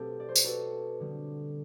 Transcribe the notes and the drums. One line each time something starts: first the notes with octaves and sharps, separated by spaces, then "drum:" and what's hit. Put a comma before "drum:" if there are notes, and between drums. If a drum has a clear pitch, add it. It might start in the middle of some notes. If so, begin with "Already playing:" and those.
Already playing: B2 A3 C4 G4 A4
D5
C5
B4, drum: tambourine
F#4 A4
D3 G3 B3